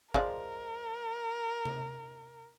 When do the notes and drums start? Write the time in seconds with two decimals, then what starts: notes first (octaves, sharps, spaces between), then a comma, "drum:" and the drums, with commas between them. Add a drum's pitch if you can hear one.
0.14 F3 G#3 A#4 D5, drum: kick
1.65 drum: tom C3